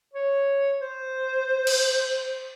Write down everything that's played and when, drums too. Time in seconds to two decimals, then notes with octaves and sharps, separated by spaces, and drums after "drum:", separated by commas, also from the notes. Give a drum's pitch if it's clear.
0.13 C#5
0.81 C5
1.67 drum: cymbal